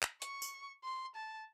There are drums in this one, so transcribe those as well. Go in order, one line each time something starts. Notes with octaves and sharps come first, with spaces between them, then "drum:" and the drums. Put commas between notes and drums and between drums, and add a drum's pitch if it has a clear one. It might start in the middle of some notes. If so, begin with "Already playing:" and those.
drum: clap
C#6, drum: hi-hat
drum: tambourine
C6
A5